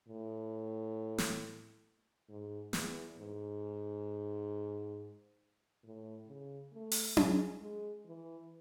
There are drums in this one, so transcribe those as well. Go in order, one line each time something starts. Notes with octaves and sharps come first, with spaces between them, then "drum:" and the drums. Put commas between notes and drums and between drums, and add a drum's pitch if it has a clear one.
A2
drum: snare
G#2
E2, drum: snare
G#2
A2
C#3
A3
drum: open hi-hat
G#3, drum: tom C#4
G#3
E3